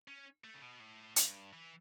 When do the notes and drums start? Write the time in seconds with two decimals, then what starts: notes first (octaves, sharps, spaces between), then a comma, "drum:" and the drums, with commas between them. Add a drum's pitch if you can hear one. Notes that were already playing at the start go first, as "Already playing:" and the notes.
0.08 C#4
0.44 A3
0.54 C#3
0.62 B2
0.80 A2
1.16 G2, drum: hi-hat
1.53 E3